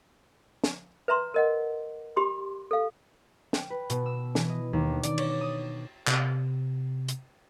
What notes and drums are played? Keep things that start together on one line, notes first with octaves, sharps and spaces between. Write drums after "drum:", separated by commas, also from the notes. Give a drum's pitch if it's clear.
drum: snare
B4 E5 A#5 C6
A#4 D#5 F#5
G4 B5 C6 D6
A4 F5
G5, drum: snare
B4
B2, drum: hi-hat
E6
E3, drum: snare
D#5
D#2
D4
D5, drum: hi-hat
C#5, drum: cymbal
D#6
C3, drum: clap
drum: hi-hat